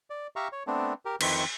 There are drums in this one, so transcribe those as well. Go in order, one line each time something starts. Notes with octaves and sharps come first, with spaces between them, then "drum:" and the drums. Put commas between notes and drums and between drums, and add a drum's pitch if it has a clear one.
D5
G4 E5 F5 A#5 C#6
C#5
A3 B3 C4 D4
G4 A#4
F2 D#3 E3 C4, drum: cymbal